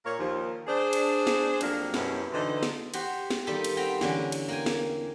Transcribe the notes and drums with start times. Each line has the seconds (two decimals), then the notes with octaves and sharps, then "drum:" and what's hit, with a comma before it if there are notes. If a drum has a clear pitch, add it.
0.05 A#2 A#3 A#4 C#5
0.19 D#2 F3
0.67 D4 G#4 C5
0.93 drum: cymbal
1.27 drum: snare
1.61 F2 F#3 A#3 D4, drum: cymbal
1.94 F#2 B2 G3 C#4 E4, drum: snare
2.32 D3 E3 F#3 C4 D4 D#4
2.63 drum: snare
2.94 F#4 G4 C5, drum: cymbal
3.31 drum: snare
3.47 D#3 G3 D#4 F4 G4 A4
3.64 drum: cymbal
3.77 B3 C4 G5 A#5
4.01 E2 D3 C#4 D5 A#5, drum: snare
4.32 drum: cymbal
4.48 A#3 G5 G#5
4.66 drum: snare